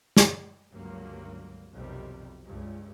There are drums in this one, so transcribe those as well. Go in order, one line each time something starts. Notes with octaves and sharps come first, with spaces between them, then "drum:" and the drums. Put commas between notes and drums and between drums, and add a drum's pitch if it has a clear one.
drum: snare
C#2 G2 D3 F#3 A#3
B1 F2 C3 D#3 G3
C#2 G2